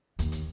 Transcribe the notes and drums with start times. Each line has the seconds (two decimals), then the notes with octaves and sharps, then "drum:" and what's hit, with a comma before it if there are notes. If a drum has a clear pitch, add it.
0.19 D#2, drum: hi-hat
0.32 drum: hi-hat